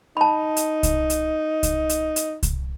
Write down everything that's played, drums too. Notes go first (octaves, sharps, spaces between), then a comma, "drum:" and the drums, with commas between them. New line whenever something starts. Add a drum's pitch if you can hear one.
D#4 A5 B5
drum: hi-hat
drum: kick C2, hi-hat
drum: hi-hat
drum: kick C2, hi-hat
drum: hi-hat
drum: hi-hat
drum: kick C2, hi-hat